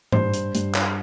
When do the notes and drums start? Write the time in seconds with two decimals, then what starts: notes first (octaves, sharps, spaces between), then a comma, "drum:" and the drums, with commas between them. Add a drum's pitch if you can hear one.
0.12 G2 C5, drum: tom G#2
0.34 drum: hi-hat
0.55 G2, drum: hi-hat
0.75 drum: clap